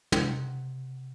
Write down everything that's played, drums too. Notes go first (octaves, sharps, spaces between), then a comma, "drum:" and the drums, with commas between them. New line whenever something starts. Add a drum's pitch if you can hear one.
C3 F#5, drum: tom